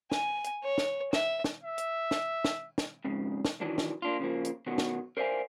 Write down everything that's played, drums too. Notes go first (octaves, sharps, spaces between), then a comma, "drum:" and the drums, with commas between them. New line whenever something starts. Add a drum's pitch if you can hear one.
G#5, drum: snare
drum: hi-hat
C#5
drum: snare
E5, drum: snare
drum: snare
E5
drum: hi-hat
drum: snare
drum: snare
drum: snare
F2 G#2 C#3
drum: snare
D#3 E3 F#3 D4
drum: snare
A#3 D4 F4
C#3 F3 A#3
drum: hi-hat
B2 D#3 F#3 B3 F#4
drum: snare
A#4 C5 D5 E5 F5 G#5